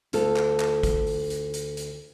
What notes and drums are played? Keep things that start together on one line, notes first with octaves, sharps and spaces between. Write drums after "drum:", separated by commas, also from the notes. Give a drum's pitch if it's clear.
D2 F4 A4, drum: hi-hat
drum: clap
drum: clap
drum: kick, hi-hat
drum: open hi-hat
drum: hi-hat
drum: hi-hat
drum: hi-hat